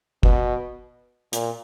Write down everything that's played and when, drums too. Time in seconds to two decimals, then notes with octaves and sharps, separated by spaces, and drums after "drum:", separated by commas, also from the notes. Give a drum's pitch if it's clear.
0.23 B2, drum: kick
1.33 A#2, drum: hi-hat